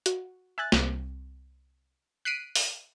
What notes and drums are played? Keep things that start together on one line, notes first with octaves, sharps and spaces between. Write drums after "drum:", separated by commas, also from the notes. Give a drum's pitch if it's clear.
F#4, drum: hi-hat
E5 G#5 F#6 A6
C2 C3, drum: snare
F#6 B6 C7 D7 D#7
drum: open hi-hat